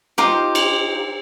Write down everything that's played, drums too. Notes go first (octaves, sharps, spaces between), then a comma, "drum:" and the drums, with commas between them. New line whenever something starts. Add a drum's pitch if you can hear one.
D#4 F4 G4 C5, drum: snare
drum: cymbal